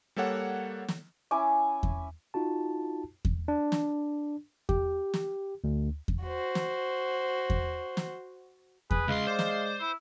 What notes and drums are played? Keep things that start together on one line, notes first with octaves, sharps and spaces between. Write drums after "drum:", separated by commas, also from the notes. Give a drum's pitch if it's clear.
G3 A#3 A4 C#5 F#5
drum: snare
C#4 E4 G#5 D6
drum: kick E2
D#4 F4 F#4 A5
drum: kick E2
D4
drum: snare
G4, drum: kick E2
drum: snare
D2
drum: kick E2
F#4 C5
drum: snare
drum: kick E2
drum: snare
G#4 B4, drum: kick E2
C#2 G#3 F5 C6
C5 D5
drum: snare
E4